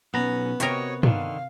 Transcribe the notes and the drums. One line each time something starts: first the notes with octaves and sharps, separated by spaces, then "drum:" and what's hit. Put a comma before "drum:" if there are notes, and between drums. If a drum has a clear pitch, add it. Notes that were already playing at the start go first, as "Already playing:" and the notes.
B1 B3 C#4 A#5
C3 F#4 A#4 C#5 D#5, drum: hi-hat
D3 D#3 F3 F5, drum: tom